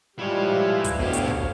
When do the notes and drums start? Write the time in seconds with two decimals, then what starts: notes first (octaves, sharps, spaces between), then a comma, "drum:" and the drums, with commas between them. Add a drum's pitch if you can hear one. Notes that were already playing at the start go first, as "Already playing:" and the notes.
0.19 F3 G3 G#3 E4 G4 B4 C#5 F5
0.84 drum: kick, hi-hat
0.99 D2 G#2 B2 G4 C5 C#5 F5
1.13 drum: hi-hat
1.28 drum: kick